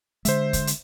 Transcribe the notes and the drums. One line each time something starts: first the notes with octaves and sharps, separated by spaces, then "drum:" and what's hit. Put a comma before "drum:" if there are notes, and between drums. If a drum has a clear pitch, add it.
D3 G#3 C5 E5, drum: hi-hat
drum: kick, hi-hat
drum: hi-hat